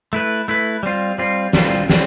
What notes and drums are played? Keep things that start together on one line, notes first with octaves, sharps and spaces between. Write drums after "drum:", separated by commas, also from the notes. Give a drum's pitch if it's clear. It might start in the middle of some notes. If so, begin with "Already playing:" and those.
A3 E4 B4
A3 E4 B4
G3 C4 F4
G3 C4 F4
G3 C4 F4, drum: snare
G3 C4, drum: snare